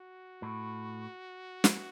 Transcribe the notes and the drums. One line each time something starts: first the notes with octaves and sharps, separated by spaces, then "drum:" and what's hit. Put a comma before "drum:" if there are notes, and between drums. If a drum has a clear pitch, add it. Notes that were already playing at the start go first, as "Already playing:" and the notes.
Already playing: F#4
A2
drum: snare